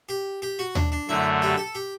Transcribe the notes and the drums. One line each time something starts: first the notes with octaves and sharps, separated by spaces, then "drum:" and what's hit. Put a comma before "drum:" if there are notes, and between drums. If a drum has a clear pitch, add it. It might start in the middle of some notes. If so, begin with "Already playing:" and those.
G4
G4
F#4
D4, drum: tom D#2
D4
F#2 D3 A3 E4
G4
A4
G4